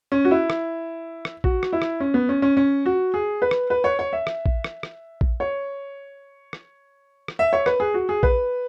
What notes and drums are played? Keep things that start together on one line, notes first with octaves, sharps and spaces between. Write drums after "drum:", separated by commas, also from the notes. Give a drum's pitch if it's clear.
C#4
F#4
E4
drum: rim click
drum: rim click
F#4, drum: kick A#1
drum: rim click
E4
drum: rim click
C#4
B3
C#4
C#4
C#4
F#4
G#4
B4
drum: rim click
B4
C#5
C#5
E5
drum: rim click
drum: kick A#1
drum: rim click
drum: rim click
drum: kick A#1
C#5
drum: rim click
drum: rim click
E5
C#5
B4, drum: rim click
G#4
F#4
G#4
B4, drum: kick A#1